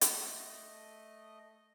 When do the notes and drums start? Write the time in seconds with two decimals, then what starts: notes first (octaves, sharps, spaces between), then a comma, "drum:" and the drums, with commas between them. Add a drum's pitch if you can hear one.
0.01 A3 D#5, drum: hi-hat